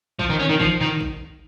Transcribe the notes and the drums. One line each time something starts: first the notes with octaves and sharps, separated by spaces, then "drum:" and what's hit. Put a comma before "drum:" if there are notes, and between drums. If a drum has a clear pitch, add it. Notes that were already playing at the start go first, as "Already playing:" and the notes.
F3, drum: kick
D#3
C#4
D#3
F3, drum: kick
D#3
drum: kick